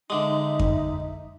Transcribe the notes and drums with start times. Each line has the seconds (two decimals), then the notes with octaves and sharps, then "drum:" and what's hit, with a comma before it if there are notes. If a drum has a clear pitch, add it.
0.10 D3 G#3 D#4 E5
0.59 drum: kick F2